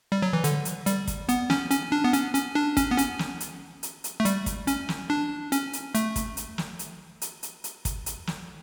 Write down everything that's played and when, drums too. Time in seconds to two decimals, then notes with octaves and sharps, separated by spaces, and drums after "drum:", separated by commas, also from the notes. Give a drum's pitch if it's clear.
0.12 G3
0.22 F#3
0.33 E3
0.44 D3, drum: hi-hat
0.65 drum: hi-hat
0.86 G3, drum: hi-hat
1.07 drum: kick, hi-hat
1.29 B3, drum: hi-hat
1.50 C#4, drum: snare
1.71 C#4, drum: hi-hat
1.92 D4
2.04 B3
2.13 C#4, drum: hi-hat
2.35 C#4, drum: hi-hat
2.55 D4
2.77 C#4, drum: kick, hi-hat
2.91 B3
2.98 C#4, drum: hi-hat
3.19 drum: snare
3.40 drum: hi-hat
3.83 drum: hi-hat
4.04 drum: hi-hat
4.20 A3
4.25 G3, drum: hi-hat
4.46 drum: kick, hi-hat
4.67 C#4, drum: hi-hat
4.89 drum: snare
5.10 D4
5.52 C#4, drum: hi-hat
5.73 drum: hi-hat
5.95 A3, drum: hi-hat
6.16 drum: kick, hi-hat
6.37 drum: hi-hat
6.58 drum: snare
6.79 drum: hi-hat
7.22 drum: hi-hat
7.43 drum: hi-hat
7.64 drum: hi-hat
7.85 drum: kick, hi-hat
8.06 drum: hi-hat
8.27 drum: snare